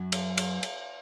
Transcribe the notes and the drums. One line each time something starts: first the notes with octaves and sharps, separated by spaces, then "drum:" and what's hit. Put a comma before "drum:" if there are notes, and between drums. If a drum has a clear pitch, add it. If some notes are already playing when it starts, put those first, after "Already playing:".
Already playing: F#2 F#3
drum: cymbal
drum: cymbal
drum: cymbal